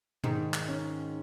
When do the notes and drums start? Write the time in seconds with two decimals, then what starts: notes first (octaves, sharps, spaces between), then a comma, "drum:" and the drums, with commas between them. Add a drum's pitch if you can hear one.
0.24 G#2 D#3, drum: tom B2
0.54 drum: clap
0.68 C#4